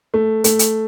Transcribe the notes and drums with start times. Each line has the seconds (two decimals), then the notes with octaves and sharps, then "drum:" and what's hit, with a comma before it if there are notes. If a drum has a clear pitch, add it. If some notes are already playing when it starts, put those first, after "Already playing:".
0.14 A3
0.44 A3, drum: hi-hat
0.59 drum: hi-hat